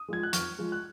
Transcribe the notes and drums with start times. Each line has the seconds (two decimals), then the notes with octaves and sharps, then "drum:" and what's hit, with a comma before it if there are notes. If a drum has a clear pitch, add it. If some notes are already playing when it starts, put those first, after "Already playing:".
Already playing: D#6
0.08 F3 G#3 G#6
0.23 F#6
0.33 F2 C#6 F6, drum: hi-hat
0.59 F3 G#3
0.72 F#6